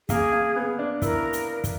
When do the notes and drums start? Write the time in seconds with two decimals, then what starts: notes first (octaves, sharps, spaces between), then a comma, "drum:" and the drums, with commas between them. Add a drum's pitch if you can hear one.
0.09 A#3 G#4, drum: kick, hi-hat
0.33 A#3
0.56 B3
0.79 D4
1.02 E4 A#4, drum: kick, hi-hat
1.33 drum: hi-hat
1.64 drum: kick, hi-hat